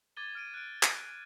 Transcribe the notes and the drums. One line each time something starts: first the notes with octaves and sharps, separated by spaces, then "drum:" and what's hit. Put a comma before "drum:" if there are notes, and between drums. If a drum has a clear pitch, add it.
D6 G#6 A6 D#7 G7
F6 D7 D#7
F#6 D7
drum: clap